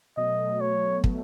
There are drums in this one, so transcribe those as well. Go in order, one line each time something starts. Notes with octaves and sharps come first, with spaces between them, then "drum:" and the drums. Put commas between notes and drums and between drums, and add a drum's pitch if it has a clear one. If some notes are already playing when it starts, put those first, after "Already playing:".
B2 F#3 A3 D#5
C#5
B2 F#3 A3, drum: kick